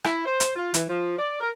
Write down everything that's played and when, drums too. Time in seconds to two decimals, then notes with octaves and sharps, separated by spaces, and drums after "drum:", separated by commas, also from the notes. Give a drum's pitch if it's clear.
0.04 E4, drum: rim click
0.26 C5
0.40 drum: hi-hat
0.56 F4
0.74 E3, drum: hi-hat
0.88 F3
1.18 D5
1.41 A#4